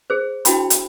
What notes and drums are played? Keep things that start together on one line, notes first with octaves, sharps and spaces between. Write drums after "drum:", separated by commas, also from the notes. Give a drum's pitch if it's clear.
G#4 C5
D4 E4 F#4 G5 B5 C6, drum: hi-hat
drum: hi-hat